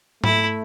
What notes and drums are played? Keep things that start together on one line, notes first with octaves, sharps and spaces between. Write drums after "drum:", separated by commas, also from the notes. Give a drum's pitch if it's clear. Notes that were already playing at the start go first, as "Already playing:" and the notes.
A3 E4, drum: tom G#2